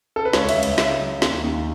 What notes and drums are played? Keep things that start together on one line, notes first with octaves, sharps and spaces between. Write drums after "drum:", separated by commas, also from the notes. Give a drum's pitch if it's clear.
A4
B4
C#2 C#5, drum: snare
E5, drum: cymbal
C#2
E5, drum: cymbal
C#3 E5, drum: snare
F#3
D#2, drum: snare
D#2